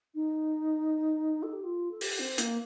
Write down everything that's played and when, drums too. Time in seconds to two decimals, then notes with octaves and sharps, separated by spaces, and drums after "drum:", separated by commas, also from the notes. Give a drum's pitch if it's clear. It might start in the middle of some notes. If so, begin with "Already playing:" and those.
0.15 D#4
1.43 A4
1.53 G4
1.64 F4
1.91 A4
2.01 G4, drum: open hi-hat
2.19 C4
2.38 A#3, drum: hi-hat